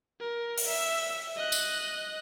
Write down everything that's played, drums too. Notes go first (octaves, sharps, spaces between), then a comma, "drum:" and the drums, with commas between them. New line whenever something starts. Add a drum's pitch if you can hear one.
A#4
drum: open hi-hat
E5
D#5 F#6
drum: tambourine